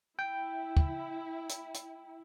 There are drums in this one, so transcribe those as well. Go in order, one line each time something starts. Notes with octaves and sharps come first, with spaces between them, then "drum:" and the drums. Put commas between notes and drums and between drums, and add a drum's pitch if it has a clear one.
E4 G5
drum: kick
drum: hi-hat
drum: hi-hat